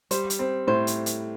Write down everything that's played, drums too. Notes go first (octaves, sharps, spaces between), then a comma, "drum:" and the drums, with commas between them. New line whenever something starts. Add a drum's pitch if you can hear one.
G3 C5, drum: hi-hat
drum: hi-hat
C4
A2 C5
drum: hi-hat
drum: hi-hat